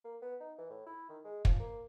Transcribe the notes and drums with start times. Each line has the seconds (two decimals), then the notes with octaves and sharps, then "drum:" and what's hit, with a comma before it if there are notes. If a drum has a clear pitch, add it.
0.05 A#3
0.22 B3
0.40 D#4
0.58 E3
0.70 A2
0.86 E4
1.09 D#3
1.24 G#3
1.45 F3, drum: kick
1.60 A#3